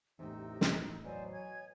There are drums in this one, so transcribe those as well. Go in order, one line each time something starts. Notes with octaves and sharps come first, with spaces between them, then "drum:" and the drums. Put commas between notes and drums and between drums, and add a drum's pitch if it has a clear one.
A1 E2 A2 C3 D#4 E6
drum: snare
B2 F#3 C5 D5 G#5
C#5 G#5 G#6